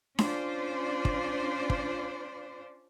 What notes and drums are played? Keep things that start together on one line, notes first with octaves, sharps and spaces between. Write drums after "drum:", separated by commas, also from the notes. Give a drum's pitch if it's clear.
C#4 D4 F4 C5 D5, drum: snare D4
drum: kick
drum: kick